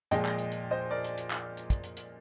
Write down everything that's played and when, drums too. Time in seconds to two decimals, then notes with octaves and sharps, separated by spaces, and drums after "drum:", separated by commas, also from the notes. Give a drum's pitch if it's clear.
0.11 A#2 F3 G#3 D#5 G5, drum: hi-hat
0.25 drum: clap
0.38 drum: hi-hat
0.51 drum: hi-hat
0.71 C5 D#5
0.91 A#4 D5
1.04 drum: hi-hat
1.17 drum: hi-hat
1.31 drum: clap
1.57 drum: hi-hat
1.70 drum: kick, hi-hat
1.83 drum: hi-hat
1.97 drum: hi-hat